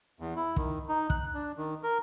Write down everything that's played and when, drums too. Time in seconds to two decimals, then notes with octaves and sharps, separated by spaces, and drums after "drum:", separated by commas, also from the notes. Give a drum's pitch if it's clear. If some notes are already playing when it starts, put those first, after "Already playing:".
0.20 E2
0.36 E4
0.56 D#3, drum: kick
0.89 D#4
1.10 F#6, drum: kick
1.34 D4
1.57 D#3
1.83 A#4